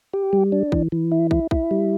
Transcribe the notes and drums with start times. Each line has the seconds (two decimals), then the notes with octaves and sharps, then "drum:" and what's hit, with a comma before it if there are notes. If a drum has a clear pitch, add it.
0.13 G4
0.33 G3
0.52 D4
0.72 E3, drum: kick
0.92 E3
1.12 E4
1.31 E4, drum: kick
1.51 E4, drum: kick
1.71 G3